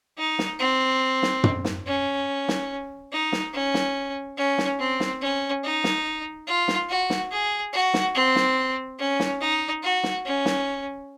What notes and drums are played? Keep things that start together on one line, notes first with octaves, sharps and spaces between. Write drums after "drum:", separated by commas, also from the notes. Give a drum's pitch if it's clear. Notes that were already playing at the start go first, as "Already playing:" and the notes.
D#4
drum: snare
C4
drum: snare
drum: tom
drum: snare
C#4
drum: snare
D#4
drum: snare
C#4
drum: snare
C#4
drum: snare
C4
drum: snare
C#4
D#4
drum: snare
F4
drum: snare
F#4
drum: snare
G#4
F#4
drum: snare
C4
drum: snare
C#4
drum: snare
D#4
F#4
drum: snare
C#4
drum: snare